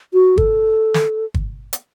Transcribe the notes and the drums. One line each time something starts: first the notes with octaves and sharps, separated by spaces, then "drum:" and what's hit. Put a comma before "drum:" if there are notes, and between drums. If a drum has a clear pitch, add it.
F#4
A4, drum: kick G1
drum: snare
drum: kick G1
drum: hi-hat